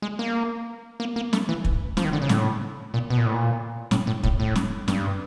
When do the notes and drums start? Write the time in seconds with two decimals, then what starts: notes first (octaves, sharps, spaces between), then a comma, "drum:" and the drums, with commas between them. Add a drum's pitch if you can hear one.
0.02 G#3
0.19 A#3
1.00 A#3
1.16 A#3
1.33 A3, drum: snare
1.49 E3
1.65 drum: kick
1.97 F3, drum: snare
2.05 D#3
2.13 D3
2.22 C#3
2.29 A2, drum: snare
2.94 A#2
3.10 B2
3.18 A#2
3.25 A2
3.34 A#2
3.91 A2, drum: snare
4.07 A2
4.23 A2, drum: kick
4.40 A2
4.56 drum: snare
4.88 G2, drum: snare